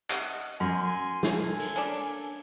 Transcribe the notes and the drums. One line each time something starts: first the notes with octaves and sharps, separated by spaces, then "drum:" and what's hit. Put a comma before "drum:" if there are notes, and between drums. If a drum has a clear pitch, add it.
D#5 E5 F#5, drum: clap
F#2 G#5 C6
A#3 A4 G#5, drum: snare
drum: open hi-hat
C#4 D4